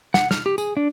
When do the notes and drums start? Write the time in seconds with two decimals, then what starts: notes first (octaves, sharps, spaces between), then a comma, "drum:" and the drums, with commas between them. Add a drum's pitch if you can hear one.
0.14 F#5, drum: snare
0.31 F6, drum: snare
0.46 G4
0.58 G#4, drum: tambourine
0.77 D4